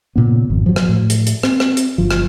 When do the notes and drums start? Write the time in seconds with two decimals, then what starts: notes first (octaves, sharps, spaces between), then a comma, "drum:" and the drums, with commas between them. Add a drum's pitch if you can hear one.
0.16 A#2 C#3 B3
0.50 G#1 F2
0.66 F3 F#3
0.76 drum: rim click
0.89 A2
1.10 drum: hi-hat
1.27 drum: hi-hat
1.43 C4, drum: rim click
1.60 drum: rim click
1.77 drum: hi-hat
1.98 G1 F3
2.11 drum: rim click